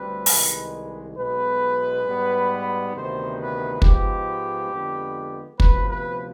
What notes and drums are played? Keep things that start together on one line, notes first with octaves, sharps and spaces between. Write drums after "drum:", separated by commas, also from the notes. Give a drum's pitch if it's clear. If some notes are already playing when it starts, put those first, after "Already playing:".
Already playing: D2 G3 C4 B4
C2 C3 D#3 G#3, drum: open hi-hat
B1 B2 G#3 B4
G#2 G3 B3
D2 C3 D#3 B3 C5
B4
G#2 F3 G#3 B3 G4, drum: kick
F2 D3 G#3 B3
D2 C3 F3 B3 B4, drum: kick
B4